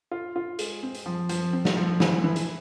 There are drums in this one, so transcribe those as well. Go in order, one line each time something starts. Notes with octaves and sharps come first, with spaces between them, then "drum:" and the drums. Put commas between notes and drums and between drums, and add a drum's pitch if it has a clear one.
F4
F4
G#3, drum: hi-hat
C4
drum: hi-hat
F3
F3, drum: hi-hat
C4
drum: snare
F3
E3, drum: snare
E3
drum: hi-hat